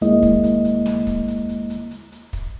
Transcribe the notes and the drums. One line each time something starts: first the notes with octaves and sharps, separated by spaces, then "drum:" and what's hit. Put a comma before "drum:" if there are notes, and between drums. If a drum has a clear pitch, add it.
D#2 G#3 A#3 E4 D#5, drum: hi-hat
drum: kick, hi-hat
drum: hi-hat
drum: hi-hat
drum: snare
drum: kick, hi-hat
drum: hi-hat
drum: hi-hat
drum: hi-hat
drum: hi-hat
drum: hi-hat
drum: kick, hi-hat